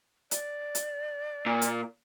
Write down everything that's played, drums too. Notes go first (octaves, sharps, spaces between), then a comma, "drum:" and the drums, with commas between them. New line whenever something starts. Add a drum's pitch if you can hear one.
D5, drum: hi-hat
drum: hi-hat
A#2
drum: hi-hat